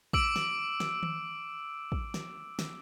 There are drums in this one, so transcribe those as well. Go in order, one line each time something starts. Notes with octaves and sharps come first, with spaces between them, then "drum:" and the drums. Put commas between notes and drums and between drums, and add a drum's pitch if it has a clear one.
D6 E6 D7, drum: kick
drum: snare
drum: snare
drum: tom D#3
drum: kick
drum: snare
drum: snare